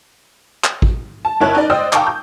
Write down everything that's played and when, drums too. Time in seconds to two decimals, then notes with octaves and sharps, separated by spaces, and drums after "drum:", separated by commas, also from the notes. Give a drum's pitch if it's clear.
0.64 drum: clap
0.82 drum: kick
1.25 A5
1.40 F#1 E4 C#5 A5 F#6
1.55 D#4 D5
1.70 C5 D5 D#5 G5 D#6 E6
1.93 F5 G5 A5 A#5 C#6 D6, drum: clap
2.07 G6